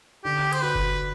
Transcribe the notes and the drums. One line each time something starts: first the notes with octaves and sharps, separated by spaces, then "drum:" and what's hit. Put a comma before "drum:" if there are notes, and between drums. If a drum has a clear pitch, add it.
D3 G4
C5, drum: cymbal
F#4 B4
drum: kick F#1